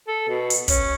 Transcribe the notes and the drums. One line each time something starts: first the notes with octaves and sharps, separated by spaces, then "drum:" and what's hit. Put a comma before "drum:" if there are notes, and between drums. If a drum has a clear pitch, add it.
A4
B2
drum: hi-hat
C#4, drum: kick, hi-hat